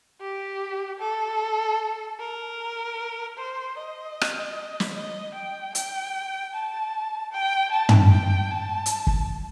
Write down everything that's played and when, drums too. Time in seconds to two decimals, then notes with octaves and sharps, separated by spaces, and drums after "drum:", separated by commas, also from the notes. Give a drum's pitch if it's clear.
0.21 G4
1.00 A4
2.19 A#4
3.37 C5
3.77 D#5
4.21 drum: rim click
4.80 drum: snare
4.95 D#5
5.34 G5
5.75 G5, drum: hi-hat
6.53 A5
7.32 G5
7.72 A5
7.89 drum: tom
8.12 G5
8.51 A5
8.86 drum: hi-hat
9.07 drum: kick